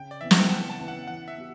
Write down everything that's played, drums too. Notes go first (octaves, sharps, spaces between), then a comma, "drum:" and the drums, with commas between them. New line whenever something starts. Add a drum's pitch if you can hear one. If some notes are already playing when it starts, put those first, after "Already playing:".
Already playing: C#3 G5
D5
E3 B3 E5
F#5, drum: snare
G5
C#3 A5
A5
E3 B3
F#5
E3 F#5
E5
G3 B3 F#4